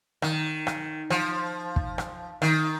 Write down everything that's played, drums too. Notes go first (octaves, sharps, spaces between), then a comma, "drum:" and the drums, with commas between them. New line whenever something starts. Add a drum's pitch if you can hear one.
D#3, drum: rim click
drum: rim click
F3, drum: rim click
drum: kick
drum: rim click
D#3, drum: rim click